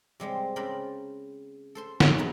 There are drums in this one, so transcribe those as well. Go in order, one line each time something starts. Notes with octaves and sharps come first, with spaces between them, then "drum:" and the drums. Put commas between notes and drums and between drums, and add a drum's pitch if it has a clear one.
C3 G3 G#3 C4
C#3 C4 A#4 D5 G5 B5
A4 C5 C6
F#2 C4 G4 G#4 B4, drum: snare
E2 F3 D#4 E4 A#4 B5